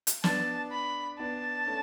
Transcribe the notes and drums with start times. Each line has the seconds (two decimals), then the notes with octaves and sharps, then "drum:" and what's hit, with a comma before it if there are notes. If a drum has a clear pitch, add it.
0.07 drum: hi-hat
0.24 B3 D4 A5, drum: snare
0.71 B5
1.19 B3 D4 A5
1.67 A3 C#4